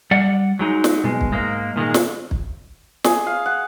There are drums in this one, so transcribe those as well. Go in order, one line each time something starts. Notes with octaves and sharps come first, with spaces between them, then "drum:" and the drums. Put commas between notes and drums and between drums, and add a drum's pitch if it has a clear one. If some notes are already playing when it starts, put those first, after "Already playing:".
G3 D5 F#5
F#3 G#3 D#4
drum: snare
B2 G#3
drum: kick
G#2 G#3 A#3
A#2 D#3 G3 G#3
drum: snare
drum: kick
G#4, drum: snare
F5
F#5